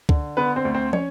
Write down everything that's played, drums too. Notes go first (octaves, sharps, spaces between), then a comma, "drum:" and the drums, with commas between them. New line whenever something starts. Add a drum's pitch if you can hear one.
D3, drum: kick C#2
D3 B3 B4
C4 C5
D2
C4 C5
C#4 C#5, drum: tom